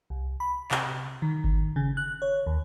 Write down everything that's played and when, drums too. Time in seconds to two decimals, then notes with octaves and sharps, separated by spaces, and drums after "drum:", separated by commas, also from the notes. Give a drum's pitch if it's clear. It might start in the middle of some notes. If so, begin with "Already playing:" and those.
0.10 C2
0.40 B5
0.71 C3, drum: clap
1.22 D#3
1.44 drum: kick G1
1.76 C#3
1.97 F#6
2.22 C#5
2.46 D#2